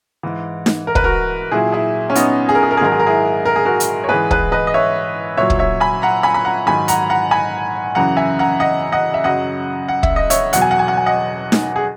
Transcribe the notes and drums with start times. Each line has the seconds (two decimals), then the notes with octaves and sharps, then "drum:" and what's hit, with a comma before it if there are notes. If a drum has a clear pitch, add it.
0.23 G#2 E3
0.66 drum: snare D#4
0.87 A#4
0.95 B4, drum: kick
1.04 F#4 A#4
1.52 A#2 F#3 E4 G#4
1.72 E4 G#4
2.10 C#4
2.15 B3 D#4, drum: hi-hat
2.49 G#4
2.55 A#4
2.63 G#4
2.71 A#4
2.77 G#4
2.81 G#2 D#3 F#3 A#4
2.92 G#4
2.99 A#4
3.07 E4 G#4
3.45 A#4
3.56 G#4
3.65 F#4 A#4
3.80 drum: hi-hat
4.04 C#5
4.09 G#2 E3 G#4 B4
4.31 G#4 B4, drum: kick
4.52 B4 D#5
4.67 D#5
4.74 C#5 E5
5.37 A#2 F#3 C#5 E5
5.50 drum: kick
5.59 C#5 E5
5.80 G#5 B5
6.02 F#5 A#5
6.23 G#5 B5
6.34 B5
6.45 F#5 A#5
6.66 G#2 D#3 F#3 G#5 B5
6.88 F#5 A#5, drum: hi-hat
7.09 F#5 A#5
7.31 G#5 B5
7.95 F#2 C#3 E3 F#5 A#5
8.17 E5 G#5
8.39 F#5 A#5
8.60 D#5 F#5
8.92 D#5 F#5
9.14 E5
9.24 F#2 C#3 F#3 D#5 F#5
9.89 F#5
10.03 E5, drum: kick
10.16 D#5
10.30 C#5 E5, drum: hi-hat
10.53 E2 B2 F#3 F#5, drum: hi-hat
10.62 G#5
10.71 F#5
10.79 G#5
10.88 F#5
10.97 G#5
11.06 D#5 F#5
11.52 drum: snare D#4
11.76 G#4